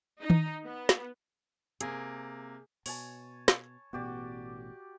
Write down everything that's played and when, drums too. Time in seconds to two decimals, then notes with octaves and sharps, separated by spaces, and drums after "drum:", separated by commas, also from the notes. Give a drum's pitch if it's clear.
0.20 D#4
0.30 drum: tom D#3
0.66 B3
0.89 drum: snare
1.81 C3 A#3 G#4, drum: hi-hat
2.86 B2 C#5 G#5 A5, drum: open hi-hat
3.48 drum: snare
3.93 A1 B2 B3 F#4 G4 D5